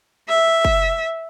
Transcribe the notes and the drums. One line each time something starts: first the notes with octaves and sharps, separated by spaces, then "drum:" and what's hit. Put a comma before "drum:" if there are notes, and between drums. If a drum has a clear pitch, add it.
E5
drum: kick